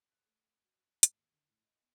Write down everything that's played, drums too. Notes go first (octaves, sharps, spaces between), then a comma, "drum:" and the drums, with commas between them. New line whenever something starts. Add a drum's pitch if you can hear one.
F#6
A3
F#4
F#6
G#2, drum: hi-hat
D#2
D3
A2
D#5
B3